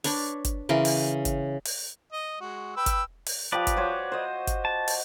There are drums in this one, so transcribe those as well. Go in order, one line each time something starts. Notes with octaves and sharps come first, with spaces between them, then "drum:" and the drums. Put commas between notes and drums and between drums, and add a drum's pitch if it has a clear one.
D4 B4 C#5, drum: open hi-hat
drum: kick G1, hi-hat
C#3 E3 A#4 C6
drum: open hi-hat
drum: kick G1, hi-hat
drum: open hi-hat
D#5
G#3 F#4
B4 G5 E6
drum: kick G1, hi-hat
drum: open hi-hat
F3 G4 B4 D5
drum: kick G1, hi-hat
F#4 C5 C#5
C5 D#5
drum: kick G1, hi-hat
A5
drum: open hi-hat